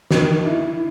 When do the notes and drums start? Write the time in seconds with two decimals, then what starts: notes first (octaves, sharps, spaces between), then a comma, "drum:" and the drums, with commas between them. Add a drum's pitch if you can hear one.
0.11 D#3, drum: snare
0.45 E4